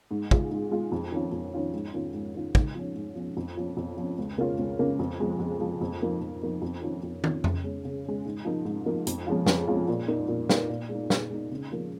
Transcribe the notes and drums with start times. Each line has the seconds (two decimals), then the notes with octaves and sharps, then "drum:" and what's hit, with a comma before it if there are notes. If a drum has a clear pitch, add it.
0.11 G#2
0.31 G#3 F4, drum: kick
0.51 G#2
0.71 G#3 F4
0.92 F2
1.12 D#3 C#4 F4
1.32 F2
1.54 D#3 C#4 F4
1.73 G#2
1.94 D#3 C#4 F4
2.14 G#2
2.35 D#3 C#4 F4
2.55 G#2, drum: kick
2.75 F3 C#4
2.95 G#2
3.15 F3 C#4
3.37 F2
3.57 F3 C#4
3.77 F2
3.97 F3 C#4
4.18 C#2
4.37 C#3 A#3 C#4 F4
4.59 C#2
4.78 C#3 A#3 C#4 F4
4.99 F2
5.20 F3 G#3
5.39 F2
5.60 F3 G#3
5.81 F2
6.01 F3 A#3 D#4
6.22 F2
6.42 F3 A#3 D#4
6.62 F2
6.82 D#3 C#4 F4
7.03 F2
7.24 D#3 C#4 F4, drum: tom
7.44 C#3, drum: tom F2
7.64 G#3 C#4
7.85 C#3
8.05 G#3 C#4
8.25 G#2
8.45 F3 A#3 D#4
8.65 G#2
8.86 F3 A#3 D#4
9.07 F2, drum: hi-hat
9.26 F3 G#3 C#4 F4
9.46 F2, drum: snare
9.67 F3 G#3 C#4 F4
9.88 A#2
10.08 A#3 D#4
10.28 A#2
10.49 A#3 D#4, drum: snare
10.69 A#2
10.89 G#3
10.94 D#4
11.10 A#2, drum: snare
11.30 G#3 D#4
11.51 C#3
11.72 F3 A#3